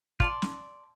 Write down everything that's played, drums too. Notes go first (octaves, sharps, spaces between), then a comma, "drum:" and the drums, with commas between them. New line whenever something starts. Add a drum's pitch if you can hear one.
F4 D5 A5 C6, drum: kick
drum: snare